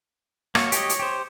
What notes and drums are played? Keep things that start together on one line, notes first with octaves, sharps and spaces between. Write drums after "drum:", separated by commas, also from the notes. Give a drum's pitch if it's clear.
A#3 F#4 C#5, drum: rim click
G4 D#5, drum: hi-hat
drum: hi-hat
G4 C5